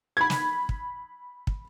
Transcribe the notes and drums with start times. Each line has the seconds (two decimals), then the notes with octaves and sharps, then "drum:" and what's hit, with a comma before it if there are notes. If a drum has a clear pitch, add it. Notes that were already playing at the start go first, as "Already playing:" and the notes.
0.17 B5 G#6
0.30 drum: snare
0.69 drum: kick
1.47 drum: kick